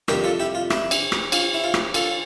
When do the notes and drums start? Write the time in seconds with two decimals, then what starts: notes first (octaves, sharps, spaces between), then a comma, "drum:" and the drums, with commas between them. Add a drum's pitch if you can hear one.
0.08 F2 C3 G3 D4 G4 A#4, drum: rim click
0.24 F4 A4
0.40 E4 G4
0.55 F4
0.70 E4, drum: rim click
0.91 drum: cymbal
1.12 drum: rim click
1.32 F4, drum: cymbal
1.54 E4
1.64 F4
1.74 drum: rim click
1.94 F4 A4, drum: cymbal